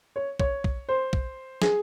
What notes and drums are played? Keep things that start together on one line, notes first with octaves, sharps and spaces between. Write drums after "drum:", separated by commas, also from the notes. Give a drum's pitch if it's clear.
C#5
C#5, drum: kick B1
drum: kick B1
C5
drum: kick B1
G#4, drum: snare